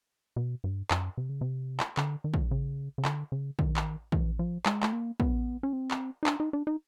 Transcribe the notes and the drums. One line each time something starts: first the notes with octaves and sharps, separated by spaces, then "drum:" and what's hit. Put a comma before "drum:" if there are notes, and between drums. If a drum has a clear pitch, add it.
B2
G2
F#2, drum: clap
C3
C#3
C3
drum: clap
D3, drum: clap
D#3
drum: kick
C#3
C#3
D3, drum: clap
C#3
D#3, drum: kick
drum: clap
E3, drum: kick
F3
G#3, drum: clap
A3, drum: clap
A#3
B3, drum: kick
C#4
C4
drum: clap
D#4
D4, drum: clap
D#4
D4
D#4